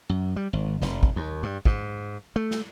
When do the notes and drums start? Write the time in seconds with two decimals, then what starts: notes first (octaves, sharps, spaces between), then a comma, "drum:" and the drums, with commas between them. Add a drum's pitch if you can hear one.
0.09 F#2
0.36 G3
0.53 G#1
0.82 F1, drum: snare
1.03 drum: kick
1.16 D#2
1.43 G2
1.65 G#2, drum: kick
2.36 A3
2.51 drum: snare